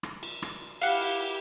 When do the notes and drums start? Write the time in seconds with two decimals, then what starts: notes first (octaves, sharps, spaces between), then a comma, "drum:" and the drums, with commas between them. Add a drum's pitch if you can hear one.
0.03 drum: rim click
0.23 drum: cymbal
0.42 drum: rim click
0.81 E4 G4 F5 F#5, drum: cymbal
1.01 drum: cymbal
1.21 drum: cymbal